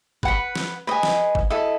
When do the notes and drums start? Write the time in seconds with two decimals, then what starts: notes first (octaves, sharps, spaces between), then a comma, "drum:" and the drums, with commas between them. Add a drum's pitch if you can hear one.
0.23 B4 F#5 B5, drum: kick G1
0.56 drum: snare
0.87 B4 D#5 G#5
1.03 drum: snare
1.35 drum: kick G1
1.50 E4 A4 D#5